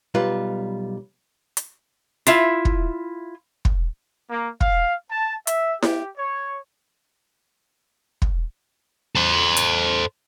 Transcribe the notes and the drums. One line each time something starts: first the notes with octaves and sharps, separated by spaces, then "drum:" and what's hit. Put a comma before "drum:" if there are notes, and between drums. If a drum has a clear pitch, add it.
B1 G3 F4 B4
drum: hi-hat
E4 F4 E5, drum: hi-hat
drum: kick
drum: kick
A#3
F5, drum: kick
A5
E5, drum: hi-hat
G4, drum: snare E4
C#5
drum: kick
A4 C5
drum: hi-hat